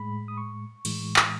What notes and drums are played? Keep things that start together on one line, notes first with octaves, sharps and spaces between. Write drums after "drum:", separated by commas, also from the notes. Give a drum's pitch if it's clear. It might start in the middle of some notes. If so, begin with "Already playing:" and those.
Already playing: A2 G#3 B5
D#6
C#6
A2 E3 G#3, drum: cymbal
drum: clap